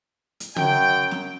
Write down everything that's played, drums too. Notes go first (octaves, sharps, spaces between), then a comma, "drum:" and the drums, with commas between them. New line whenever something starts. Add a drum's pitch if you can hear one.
drum: hi-hat
F#2 G5, drum: tom
drum: snare